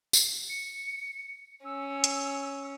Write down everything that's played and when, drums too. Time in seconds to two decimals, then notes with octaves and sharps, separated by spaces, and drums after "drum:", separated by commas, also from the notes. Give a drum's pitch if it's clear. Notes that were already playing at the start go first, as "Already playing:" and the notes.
0.13 drum: tambourine
0.49 C#7
1.65 C#4 E6
2.04 drum: hi-hat